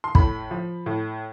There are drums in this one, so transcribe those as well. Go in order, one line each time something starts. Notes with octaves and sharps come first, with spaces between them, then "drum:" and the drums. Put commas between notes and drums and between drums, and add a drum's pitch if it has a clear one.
C6
A2 B5, drum: kick
F3
A2